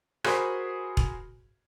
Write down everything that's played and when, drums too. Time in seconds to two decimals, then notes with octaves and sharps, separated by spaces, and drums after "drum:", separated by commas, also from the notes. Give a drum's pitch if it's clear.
0.24 F#4 G#4 A#4 C5 B5 C6, drum: rim click
0.97 drum: kick E1